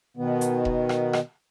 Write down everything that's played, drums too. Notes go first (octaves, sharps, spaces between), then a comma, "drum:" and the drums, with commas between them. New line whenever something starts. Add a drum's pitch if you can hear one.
B2 D#3 B3
drum: hi-hat
drum: kick E1
drum: rim click
drum: rim click